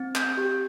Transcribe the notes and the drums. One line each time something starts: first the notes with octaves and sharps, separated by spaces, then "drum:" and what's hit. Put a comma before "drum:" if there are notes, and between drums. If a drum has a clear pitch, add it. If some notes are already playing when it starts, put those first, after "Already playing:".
Already playing: C4
G6, drum: clap
G4